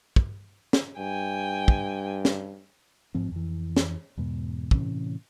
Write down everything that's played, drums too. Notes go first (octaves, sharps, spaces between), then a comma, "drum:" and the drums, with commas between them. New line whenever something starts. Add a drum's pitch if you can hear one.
drum: kick
drum: snare
G2 G5 G#5
drum: kick
drum: snare
A1 G#2 F3 C4
F2 E3
drum: snare
E2 G#2 B2
A2 C3 E3 C#4, drum: kick